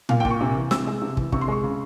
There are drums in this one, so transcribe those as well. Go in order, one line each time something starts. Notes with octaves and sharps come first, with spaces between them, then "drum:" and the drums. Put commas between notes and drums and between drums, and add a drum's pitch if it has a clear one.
A#2 F5, drum: tom A#2
G5
A#2, drum: kick
C#6
C3
E3
C3 E6, drum: snare
G#3
C3
E3, drum: kick
C3 C#6, drum: kick
C6
G#3 C#6
C#3